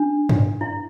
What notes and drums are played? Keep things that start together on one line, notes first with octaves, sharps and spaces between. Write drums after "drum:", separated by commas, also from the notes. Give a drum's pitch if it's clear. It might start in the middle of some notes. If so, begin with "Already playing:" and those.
Already playing: D4
drum: tom G2
E4